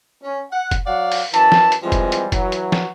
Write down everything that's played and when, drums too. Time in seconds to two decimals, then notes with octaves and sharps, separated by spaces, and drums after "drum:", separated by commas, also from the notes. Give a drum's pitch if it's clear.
0.24 C#4
0.52 F#5
0.71 drum: kick F1, hi-hat
0.87 F#3 D5 F5 F#5
1.12 drum: open hi-hat
1.34 F#2 E3 A5, drum: hi-hat
1.52 drum: snare
1.72 drum: hi-hat
1.83 E3 F3 G3 G#3 C4
1.92 drum: kick F1, hi-hat
2.12 drum: hi-hat
2.32 E3 F#3, drum: kick F1, hi-hat
2.52 drum: hi-hat
2.72 drum: snare